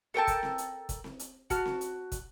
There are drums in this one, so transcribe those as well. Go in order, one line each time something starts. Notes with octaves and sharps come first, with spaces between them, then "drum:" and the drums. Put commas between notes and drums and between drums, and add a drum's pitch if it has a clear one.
A4 A#4 G5 A5
drum: kick, hi-hat
drum: snare C4
drum: hi-hat
drum: kick, hi-hat
drum: snare C4
drum: hi-hat
F#4 A5 F6, drum: kick, hi-hat
drum: snare C4
drum: hi-hat
drum: kick, hi-hat